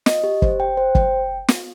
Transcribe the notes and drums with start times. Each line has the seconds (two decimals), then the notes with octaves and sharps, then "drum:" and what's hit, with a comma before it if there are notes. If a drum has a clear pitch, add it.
0.06 D#5, drum: snare
0.24 G4
0.42 C5, drum: kick
0.60 G5
0.77 C5
0.95 G5, drum: kick
1.48 drum: snare